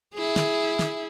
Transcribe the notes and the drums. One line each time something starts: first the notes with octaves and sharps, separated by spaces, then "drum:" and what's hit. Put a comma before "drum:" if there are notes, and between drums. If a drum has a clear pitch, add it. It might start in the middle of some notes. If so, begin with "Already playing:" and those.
E4 G#4
drum: snare
drum: snare